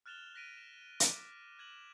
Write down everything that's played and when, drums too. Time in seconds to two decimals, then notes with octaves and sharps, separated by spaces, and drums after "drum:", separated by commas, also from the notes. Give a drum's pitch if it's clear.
0.06 F6 F#6 A6 E7 F7 G7
0.35 F#6 A#6 B6 D7 D#7
0.57 E7
1.00 D6 F#6 B6, drum: hi-hat
1.59 F#6 G#6 E7 F#7